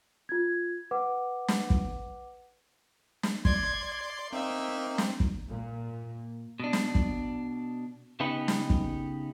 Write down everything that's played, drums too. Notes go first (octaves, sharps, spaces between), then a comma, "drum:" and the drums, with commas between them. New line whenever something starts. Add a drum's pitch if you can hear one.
F4 G#6
B4 F#5 D6
drum: snare
drum: kick
drum: snare
D5 C6 G#6, drum: kick
A#3 C4 D#4 E5
drum: snare
drum: kick
A#2
B2 D4
drum: snare
drum: kick
C#3 B3 D#4 G4 B4
drum: snare
drum: kick